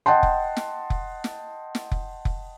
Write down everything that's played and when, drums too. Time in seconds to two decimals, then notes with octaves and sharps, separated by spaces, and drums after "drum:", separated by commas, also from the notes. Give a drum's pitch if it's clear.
0.06 D#5 F#5 G5 A5 C6
0.23 drum: kick F1
0.57 drum: snare
0.90 drum: kick F1
1.24 drum: snare
1.75 drum: snare
1.92 drum: kick F1
2.25 drum: kick F1